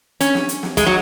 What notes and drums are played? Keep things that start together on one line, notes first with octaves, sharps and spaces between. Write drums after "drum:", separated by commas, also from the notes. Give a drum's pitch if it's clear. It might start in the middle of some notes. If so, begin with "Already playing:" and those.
C#4, drum: hi-hat
drum: snare
drum: hi-hat
drum: snare
G#3, drum: kick, hi-hat
F#3